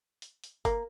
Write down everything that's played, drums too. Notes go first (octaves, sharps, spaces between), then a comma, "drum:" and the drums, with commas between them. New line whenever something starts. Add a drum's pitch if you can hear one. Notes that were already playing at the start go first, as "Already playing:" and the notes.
drum: hi-hat
drum: hi-hat
A#3, drum: kick, hi-hat